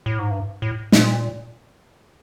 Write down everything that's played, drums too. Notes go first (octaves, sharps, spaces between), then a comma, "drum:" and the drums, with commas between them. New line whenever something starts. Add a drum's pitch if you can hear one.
A2
G#2
G2
A2
A#2, drum: snare